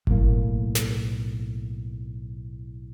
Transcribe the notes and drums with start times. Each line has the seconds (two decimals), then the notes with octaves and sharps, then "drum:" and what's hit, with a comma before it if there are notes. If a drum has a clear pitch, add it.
0.07 B1 A2 A#3, drum: kick G1
0.75 drum: snare